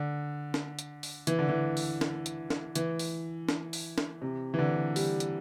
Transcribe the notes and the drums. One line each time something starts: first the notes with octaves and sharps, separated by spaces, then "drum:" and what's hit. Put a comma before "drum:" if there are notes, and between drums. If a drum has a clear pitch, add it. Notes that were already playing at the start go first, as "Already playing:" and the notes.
Already playing: D3
drum: snare
drum: hi-hat
drum: open hi-hat
E3, drum: hi-hat
D3
E3
drum: open hi-hat
drum: snare
drum: hi-hat
drum: snare
E3, drum: hi-hat
drum: open hi-hat
drum: snare
drum: open hi-hat
drum: snare
C3
E3
D3
G3, drum: open hi-hat
drum: hi-hat